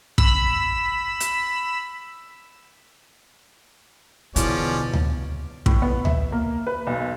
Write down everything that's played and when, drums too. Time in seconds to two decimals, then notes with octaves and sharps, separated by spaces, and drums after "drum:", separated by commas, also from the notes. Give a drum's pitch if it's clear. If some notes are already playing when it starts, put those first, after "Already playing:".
0.18 B5 E6, drum: kick
1.20 drum: hi-hat
4.36 E2 B2 D3 F3 C#4 D5, drum: hi-hat
4.93 drum: tom D2
5.66 A2, drum: kick
5.82 B3
6.05 E5, drum: tom D2
6.32 A#3
6.67 B4
6.87 B1